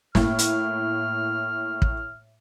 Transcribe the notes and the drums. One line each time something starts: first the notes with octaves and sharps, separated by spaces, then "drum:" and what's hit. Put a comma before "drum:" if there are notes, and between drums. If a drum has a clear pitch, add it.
A2 A#3 F6, drum: snare
drum: hi-hat
drum: kick